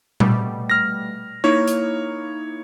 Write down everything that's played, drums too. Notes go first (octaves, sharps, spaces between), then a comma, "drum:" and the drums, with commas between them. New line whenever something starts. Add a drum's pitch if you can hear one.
B2 G3 A3, drum: tom A#2
F6 A#6
A#3 D#4 E4 C#5
drum: hi-hat